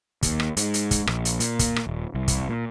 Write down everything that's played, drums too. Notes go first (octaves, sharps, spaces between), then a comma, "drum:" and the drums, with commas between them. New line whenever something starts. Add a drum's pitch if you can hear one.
D#2, drum: kick, hi-hat
drum: rim click
G#2, drum: hi-hat
drum: hi-hat
drum: kick, hi-hat
A#1, drum: rim click
drum: hi-hat
A#2, drum: hi-hat
drum: kick, hi-hat
drum: rim click
D#1
C2
drum: kick, hi-hat
A#2